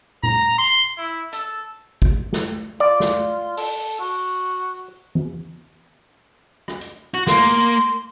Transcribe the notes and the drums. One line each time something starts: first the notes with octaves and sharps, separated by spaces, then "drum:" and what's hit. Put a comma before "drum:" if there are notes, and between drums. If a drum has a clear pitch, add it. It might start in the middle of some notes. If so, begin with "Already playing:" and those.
A#5, drum: tom A#2
C6
E4
A4, drum: hi-hat
drum: kick
drum: snare
F4 D5
drum: snare
A4, drum: open hi-hat
F#4
drum: tom E3
drum: rim click
drum: hi-hat
F#4
A#3 C6, drum: snare